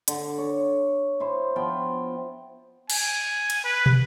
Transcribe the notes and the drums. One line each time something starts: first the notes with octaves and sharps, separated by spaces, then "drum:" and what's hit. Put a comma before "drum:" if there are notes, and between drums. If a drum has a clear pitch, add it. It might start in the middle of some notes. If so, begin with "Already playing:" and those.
D3, drum: hi-hat
C#5
E4 C5
F3 B3 G5
G#5, drum: cymbal
drum: cymbal
B4
drum: tom